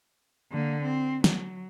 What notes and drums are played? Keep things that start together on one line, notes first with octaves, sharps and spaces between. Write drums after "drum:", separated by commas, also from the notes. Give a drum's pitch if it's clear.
D3 A#3
C4
F#3, drum: snare